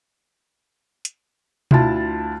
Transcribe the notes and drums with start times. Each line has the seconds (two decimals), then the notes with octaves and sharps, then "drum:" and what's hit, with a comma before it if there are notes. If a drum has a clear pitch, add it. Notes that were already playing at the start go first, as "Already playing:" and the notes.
1.05 drum: hi-hat
1.71 D2 E4 F4 A5, drum: tom B2